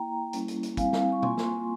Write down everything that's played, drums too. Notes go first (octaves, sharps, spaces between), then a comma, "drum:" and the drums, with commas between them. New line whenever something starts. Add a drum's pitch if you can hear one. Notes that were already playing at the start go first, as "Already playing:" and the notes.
Already playing: A#3 E4 G5 A#5
G3 A#3 C#4 E4, drum: hi-hat
drum: hi-hat
drum: hi-hat
G3 C4 E4 F5 G#5, drum: kick, hi-hat
drum: snare
C#6
A#3 F4 G#5 C6, drum: tom B2
drum: snare